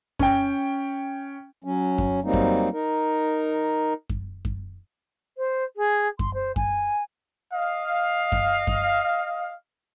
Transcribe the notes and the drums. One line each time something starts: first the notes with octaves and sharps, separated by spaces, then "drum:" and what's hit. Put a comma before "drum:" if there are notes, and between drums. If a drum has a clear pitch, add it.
C#4 G5, drum: kick F#2
F#3 C#4
drum: kick F#2
F#3 G3 A#3 C4 D#4
drum: kick F#2
D#4 A#4
drum: kick F#2
drum: kick F#2
C5
G#4
C6, drum: kick F#2
C5
G#5, drum: kick F#2
D#5 F5
drum: kick F#2
drum: kick F#2